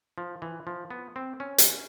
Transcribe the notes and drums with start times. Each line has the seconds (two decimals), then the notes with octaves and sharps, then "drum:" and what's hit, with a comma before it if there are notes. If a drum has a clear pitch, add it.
0.18 F3
0.42 E3
0.67 F3
0.91 B3
1.16 C4
1.40 C#4
1.58 drum: hi-hat